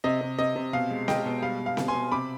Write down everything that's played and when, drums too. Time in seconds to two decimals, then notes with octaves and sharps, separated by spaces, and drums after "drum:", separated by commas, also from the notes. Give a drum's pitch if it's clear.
0.04 C3 D#5
0.21 C3
0.38 C3 D#5
0.56 C3
0.73 B2 F5
0.90 G#3
1.08 G#3 D#5 G5, drum: snare C4
1.26 B2
1.42 G3 F5
1.60 B2
1.66 F5
1.77 B2, drum: snare C4
1.88 G#5 C6
1.94 B2
2.12 C3 B5 D6